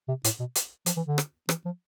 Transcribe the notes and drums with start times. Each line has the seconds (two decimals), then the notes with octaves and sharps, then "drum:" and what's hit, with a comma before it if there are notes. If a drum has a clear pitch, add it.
0.08 C3
0.24 A2, drum: hi-hat
0.40 B2
0.55 drum: hi-hat
0.86 F3, drum: hi-hat
0.97 E3
1.07 D3
1.18 drum: rim click
1.49 E3, drum: rim click
1.65 F3